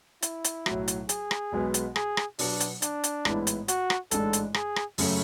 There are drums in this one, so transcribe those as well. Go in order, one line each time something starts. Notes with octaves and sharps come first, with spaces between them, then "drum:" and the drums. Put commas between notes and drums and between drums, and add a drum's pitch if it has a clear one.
E4, drum: hi-hat
drum: hi-hat
B1 A2 F#3, drum: rim click
drum: hi-hat
G#4, drum: hi-hat
drum: rim click
B1 B2 G#3 B3
drum: hi-hat
G#4, drum: rim click
drum: rim click
B2 F#3 B3 D4, drum: open hi-hat
drum: hi-hat
D4, drum: hi-hat
drum: hi-hat
A1 G#2 G#3 B3 E4, drum: rim click
drum: hi-hat
F#4, drum: hi-hat
drum: rim click
A1 G#2 G#3 D4 A4, drum: hi-hat
drum: hi-hat
G#4, drum: rim click
drum: rim click
F#2 C#3 F#3 A3 C#4, drum: open hi-hat